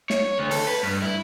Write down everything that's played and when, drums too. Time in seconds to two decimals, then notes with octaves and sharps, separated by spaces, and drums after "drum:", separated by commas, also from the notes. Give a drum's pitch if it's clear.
0.10 C#5, drum: snare
0.38 D2
0.51 A4, drum: open hi-hat
0.68 B4
0.83 G2
1.02 E4